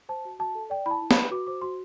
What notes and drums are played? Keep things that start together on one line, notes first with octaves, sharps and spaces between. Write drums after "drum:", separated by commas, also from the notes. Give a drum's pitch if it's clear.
C5 A5
F#4
F#4 A5
A4
D5 G5
E4 B5
A5
E4
B5, drum: snare
B4
F#4 D6
C5 D6
F#4 C6